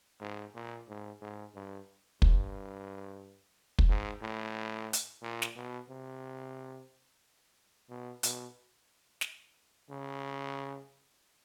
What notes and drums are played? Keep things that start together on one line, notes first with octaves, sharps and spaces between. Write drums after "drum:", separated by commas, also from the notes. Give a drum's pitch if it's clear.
G#2
A#2
G#2
G#2
G2
G2, drum: kick
drum: kick
G#2
A2
drum: hi-hat
A#2
drum: snare
B2
C3
B2
B2, drum: hi-hat
drum: snare
C#3